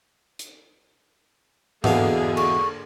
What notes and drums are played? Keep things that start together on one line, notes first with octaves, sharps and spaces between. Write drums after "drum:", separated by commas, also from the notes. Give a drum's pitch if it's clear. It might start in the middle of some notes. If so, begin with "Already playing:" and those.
drum: hi-hat
E2 B2 D3 A#3 G#4 F5, drum: tom G#2
C#6, drum: cymbal